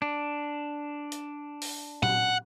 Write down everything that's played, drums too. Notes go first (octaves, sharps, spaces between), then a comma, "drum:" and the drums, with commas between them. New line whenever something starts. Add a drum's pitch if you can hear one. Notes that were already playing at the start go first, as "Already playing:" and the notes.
D4
drum: hi-hat
drum: open hi-hat
F#5, drum: tom A#2